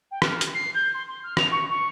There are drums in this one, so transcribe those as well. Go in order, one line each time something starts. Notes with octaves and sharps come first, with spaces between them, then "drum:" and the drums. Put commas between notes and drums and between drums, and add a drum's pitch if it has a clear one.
G5
F6, drum: rim click
drum: hi-hat
C7
G6
C6
C6
F6
F7, drum: rim click
C#6
C#6